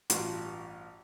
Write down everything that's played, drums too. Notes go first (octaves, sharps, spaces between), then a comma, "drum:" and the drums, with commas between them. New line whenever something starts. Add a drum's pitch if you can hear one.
A1 G2 F4 F#4 F#5, drum: hi-hat